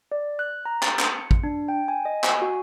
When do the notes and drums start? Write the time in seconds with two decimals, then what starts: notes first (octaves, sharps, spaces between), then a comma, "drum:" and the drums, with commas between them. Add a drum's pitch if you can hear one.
0.12 D5
0.39 F#6
0.65 A#5
0.83 A6, drum: clap
0.99 drum: clap
1.13 C#7
1.31 drum: kick
1.43 D4
1.68 G5
1.88 G#5
2.05 D#5
2.24 G#5, drum: clap
2.42 F#4